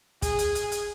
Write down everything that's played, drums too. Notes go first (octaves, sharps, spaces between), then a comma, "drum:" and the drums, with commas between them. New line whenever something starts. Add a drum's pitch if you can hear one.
G#4, drum: kick, hi-hat
drum: hi-hat
drum: hi-hat
drum: hi-hat